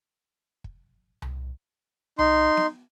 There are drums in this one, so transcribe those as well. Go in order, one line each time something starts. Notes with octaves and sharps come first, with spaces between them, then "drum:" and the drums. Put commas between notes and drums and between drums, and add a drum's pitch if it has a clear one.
drum: kick
drum: tom C2
D#4 C6, drum: tom C2
drum: snare B3